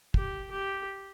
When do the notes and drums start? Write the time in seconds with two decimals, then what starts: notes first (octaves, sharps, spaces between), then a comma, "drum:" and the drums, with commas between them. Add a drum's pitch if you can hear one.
0.14 G4, drum: kick
0.51 G4